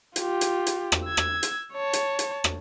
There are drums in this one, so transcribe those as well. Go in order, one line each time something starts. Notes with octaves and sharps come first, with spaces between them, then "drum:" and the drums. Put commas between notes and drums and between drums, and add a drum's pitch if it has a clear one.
F4 G4, drum: hi-hat
drum: hi-hat
drum: hi-hat
drum: rim click
E6 G#6
drum: rim click
drum: hi-hat
C#5 A5
drum: hi-hat
drum: hi-hat
drum: rim click